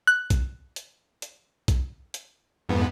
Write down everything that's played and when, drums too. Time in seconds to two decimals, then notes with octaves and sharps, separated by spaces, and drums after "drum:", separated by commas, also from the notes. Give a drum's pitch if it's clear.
0.07 F#6
0.30 drum: kick B1, hi-hat
0.76 drum: hi-hat
1.22 drum: hi-hat
1.68 drum: kick B1, hi-hat
2.14 drum: hi-hat
2.69 F2 G#2 B3